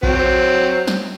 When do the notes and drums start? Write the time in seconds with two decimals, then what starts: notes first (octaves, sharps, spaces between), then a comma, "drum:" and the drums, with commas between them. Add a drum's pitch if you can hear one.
0.03 F#3 C4, drum: kick A#1
0.87 drum: snare